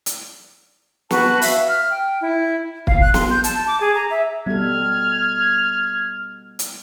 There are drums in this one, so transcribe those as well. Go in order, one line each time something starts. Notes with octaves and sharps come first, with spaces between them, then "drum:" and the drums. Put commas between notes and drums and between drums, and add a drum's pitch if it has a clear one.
drum: hi-hat
F#4 B4 A5 C#6, drum: snare
E5 F5, drum: open hi-hat
F6
G5
E4
F5, drum: kick
F#6
C6, drum: snare
G6
A5, drum: hi-hat
D6
G#4
A#5
E5
B2 G3 A4 F6 G#6
drum: hi-hat